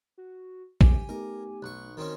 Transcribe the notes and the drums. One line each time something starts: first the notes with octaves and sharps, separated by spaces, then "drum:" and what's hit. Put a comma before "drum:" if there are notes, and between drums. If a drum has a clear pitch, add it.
F#4
G4 G#5, drum: kick
A3 B3 D#4 G4 A#4
B1 C#6 F#6
D#3 C4 C#4 F#4 A#4